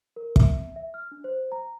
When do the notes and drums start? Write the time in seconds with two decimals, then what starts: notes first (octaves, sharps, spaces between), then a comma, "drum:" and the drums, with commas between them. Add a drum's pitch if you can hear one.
0.16 A#4
0.36 E5, drum: kick
0.76 E5
0.94 F6
1.12 D4
1.24 C5
1.52 A#5